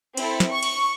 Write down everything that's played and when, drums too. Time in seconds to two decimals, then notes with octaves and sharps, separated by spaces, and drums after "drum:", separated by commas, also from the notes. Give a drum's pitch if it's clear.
0.17 C4 E4 A4, drum: cymbal
0.40 drum: snare
0.51 C#6
0.63 drum: cymbal